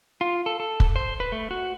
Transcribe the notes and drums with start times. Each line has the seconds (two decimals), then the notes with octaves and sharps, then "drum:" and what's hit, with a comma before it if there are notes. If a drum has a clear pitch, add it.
0.21 F4
0.46 A4
0.60 A4
0.80 drum: kick
0.96 C5
1.20 B4
1.32 A3
1.51 F#4